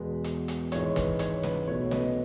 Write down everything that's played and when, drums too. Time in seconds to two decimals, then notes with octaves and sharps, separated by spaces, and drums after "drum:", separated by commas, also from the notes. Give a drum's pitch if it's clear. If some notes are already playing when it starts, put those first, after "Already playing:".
Already playing: E2 B2 G#3 B4
0.24 drum: hi-hat
0.48 drum: hi-hat
0.72 G#1 G#2 E3 G#3 C#5, drum: hi-hat
0.96 B4, drum: kick, hi-hat
1.19 C#5, drum: hi-hat
1.43 B4, drum: snare
1.67 B1 B2 A3 C#5
1.91 B4 D#5, drum: snare